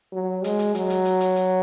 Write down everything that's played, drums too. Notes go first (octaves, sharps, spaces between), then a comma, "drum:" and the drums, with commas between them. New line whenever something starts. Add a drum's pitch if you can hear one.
F#3
G#3, drum: hi-hat
drum: hi-hat
F#3, drum: hi-hat
drum: hi-hat
drum: hi-hat
drum: hi-hat
drum: hi-hat